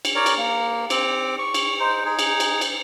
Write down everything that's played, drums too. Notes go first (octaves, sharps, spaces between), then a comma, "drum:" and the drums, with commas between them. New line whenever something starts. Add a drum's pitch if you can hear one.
drum: cymbal
A#4 C#5 D5
drum: cymbal
A#3
C4 D6, drum: cymbal
C#6
drum: cymbal
D#4 C5
D#4 G#4
drum: cymbal
drum: cymbal
drum: cymbal